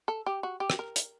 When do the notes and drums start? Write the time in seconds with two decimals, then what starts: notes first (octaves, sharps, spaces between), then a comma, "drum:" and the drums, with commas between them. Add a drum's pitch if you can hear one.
0.08 A4
0.26 G4
0.43 F#4
0.60 G4
0.70 drum: rim click
0.79 A#4
0.96 drum: hi-hat